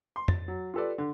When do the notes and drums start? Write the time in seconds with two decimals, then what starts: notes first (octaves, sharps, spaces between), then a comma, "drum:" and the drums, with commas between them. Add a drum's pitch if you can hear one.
0.16 C6
0.28 A6, drum: tom
0.48 F#3
0.74 F4 G4 A4 B4 D5
0.98 D3